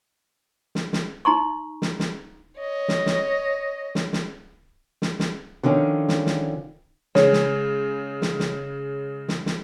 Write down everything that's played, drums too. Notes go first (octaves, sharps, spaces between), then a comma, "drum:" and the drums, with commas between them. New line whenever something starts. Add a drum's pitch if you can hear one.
drum: snare
drum: snare
D#4 A#5 C6 C#6
drum: snare
drum: snare
C#5 D#5
drum: snare
drum: snare
drum: snare
drum: snare
drum: snare
drum: snare
D3 D#3 F3 C#4
drum: snare
drum: snare
C#3 G#3 C#5, drum: snare
drum: snare
drum: snare
drum: snare
drum: snare
drum: snare